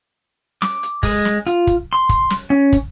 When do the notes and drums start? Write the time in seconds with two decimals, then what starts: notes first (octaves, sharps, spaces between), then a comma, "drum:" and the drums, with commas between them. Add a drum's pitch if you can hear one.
0.62 D6, drum: snare
0.83 drum: hi-hat
1.03 G#3, drum: kick, open hi-hat
1.25 drum: snare
1.47 F4, drum: hi-hat
1.67 drum: kick, hi-hat
1.93 C6
2.09 drum: kick, hi-hat
2.30 drum: snare
2.50 C#4
2.72 drum: kick, hi-hat